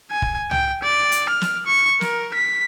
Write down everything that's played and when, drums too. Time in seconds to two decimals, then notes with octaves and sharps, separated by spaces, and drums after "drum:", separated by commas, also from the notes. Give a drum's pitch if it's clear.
0.11 G#5
0.22 drum: kick
0.51 G5, drum: tom
0.83 D5
1.12 drum: hi-hat
1.29 F6
1.41 drum: snare
1.66 C#6
2.01 A#4, drum: snare
2.34 B6